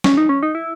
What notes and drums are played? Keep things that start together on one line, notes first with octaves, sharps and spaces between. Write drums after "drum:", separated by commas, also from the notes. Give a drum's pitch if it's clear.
C#4, drum: snare
D#4
C#4
D#4
E4